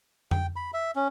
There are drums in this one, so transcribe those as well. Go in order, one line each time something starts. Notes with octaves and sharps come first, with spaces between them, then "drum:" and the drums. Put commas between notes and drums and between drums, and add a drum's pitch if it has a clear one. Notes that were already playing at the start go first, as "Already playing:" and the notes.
G5, drum: tom F2
B5
E5
C#4